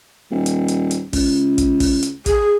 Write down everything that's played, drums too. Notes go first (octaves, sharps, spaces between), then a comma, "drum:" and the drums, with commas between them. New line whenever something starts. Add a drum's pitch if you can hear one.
D#1
drum: hi-hat
drum: hi-hat
drum: hi-hat
C#2, drum: kick, open hi-hat
drum: kick, hi-hat
drum: kick, open hi-hat
drum: hi-hat
G#4, drum: kick, hi-hat